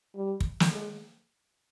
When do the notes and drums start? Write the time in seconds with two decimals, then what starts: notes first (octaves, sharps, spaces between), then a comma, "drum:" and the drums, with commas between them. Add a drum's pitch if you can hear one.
0.16 G3
0.40 drum: kick
0.60 drum: snare
0.72 G#3